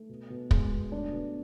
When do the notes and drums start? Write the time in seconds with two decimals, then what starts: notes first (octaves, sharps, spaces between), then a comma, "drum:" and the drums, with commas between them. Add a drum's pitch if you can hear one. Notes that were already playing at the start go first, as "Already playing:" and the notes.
Already playing: A3
0.09 B2
0.30 B2
0.51 G#3, drum: kick
0.71 B2
0.92 A3 D4
1.12 B2